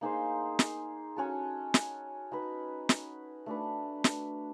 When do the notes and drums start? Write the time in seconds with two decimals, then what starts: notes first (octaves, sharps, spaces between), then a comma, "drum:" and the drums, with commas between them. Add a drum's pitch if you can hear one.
0.01 A#3 D#4 G#4 C5
0.59 drum: snare
1.16 C#4 F#4 A4
1.74 drum: snare
2.32 D#4 F#4 B4
2.89 drum: snare
3.46 A3 D4 F#4 B4
4.04 drum: snare